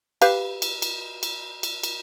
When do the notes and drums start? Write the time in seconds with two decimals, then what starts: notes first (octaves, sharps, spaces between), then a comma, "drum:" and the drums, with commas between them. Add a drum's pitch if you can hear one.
0.22 G4 B4 F5, drum: cymbal
0.62 drum: cymbal
0.82 drum: cymbal
1.23 drum: cymbal
1.63 drum: cymbal
1.83 drum: cymbal